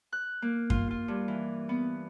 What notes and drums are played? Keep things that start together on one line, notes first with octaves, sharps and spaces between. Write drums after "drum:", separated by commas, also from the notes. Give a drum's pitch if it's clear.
F#6
A#3
F4, drum: kick F#2
F4
G2
E3
B3